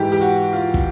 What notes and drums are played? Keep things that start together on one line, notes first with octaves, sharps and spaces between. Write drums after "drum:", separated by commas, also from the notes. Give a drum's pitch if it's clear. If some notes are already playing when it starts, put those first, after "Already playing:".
Already playing: G#2 E3 G4
G4
F#4
F4
drum: kick